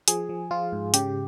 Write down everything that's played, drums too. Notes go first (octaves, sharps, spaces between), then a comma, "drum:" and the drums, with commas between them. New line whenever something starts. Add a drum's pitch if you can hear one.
F3 G#4, drum: hi-hat
F3
F3 F4
G#2
C#3 G4, drum: hi-hat